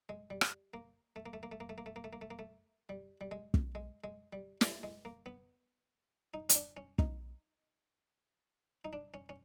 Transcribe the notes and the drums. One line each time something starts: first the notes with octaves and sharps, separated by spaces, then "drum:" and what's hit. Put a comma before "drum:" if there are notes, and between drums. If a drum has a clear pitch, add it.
G#3
G3
drum: rim click
A#3
A3
A#3
A3
A#3
A3
A#3
A3
A#3
A3
A#3
A3
A#3
A3
A#3
A3
G3
G3
G#3
drum: kick
G#3
G#3
G3
G3, drum: snare
G#3
A#3
B3
D#4
C#4, drum: hi-hat
D4
C#4
D#4, drum: kick
D#4
D4
C#4
C#4